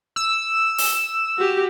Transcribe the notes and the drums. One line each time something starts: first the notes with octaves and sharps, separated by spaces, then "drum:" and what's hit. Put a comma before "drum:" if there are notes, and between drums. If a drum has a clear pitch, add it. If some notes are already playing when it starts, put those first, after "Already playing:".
E6
drum: open hi-hat
F#4 G4